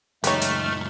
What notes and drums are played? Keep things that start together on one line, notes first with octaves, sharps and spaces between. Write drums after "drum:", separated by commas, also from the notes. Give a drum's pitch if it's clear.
C#2 F#2 A3 D#4 G4 B4 C#5 F6, drum: hi-hat
drum: hi-hat